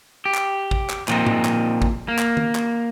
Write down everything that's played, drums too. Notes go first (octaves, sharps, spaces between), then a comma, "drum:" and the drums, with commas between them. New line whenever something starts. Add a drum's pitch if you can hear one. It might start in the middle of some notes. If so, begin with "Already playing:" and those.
G4
drum: clap
drum: kick
drum: clap
A#2 F3 C4 D#4, drum: clap
drum: tom G#2
drum: clap
drum: kick
A#3
drum: clap
drum: tom
drum: clap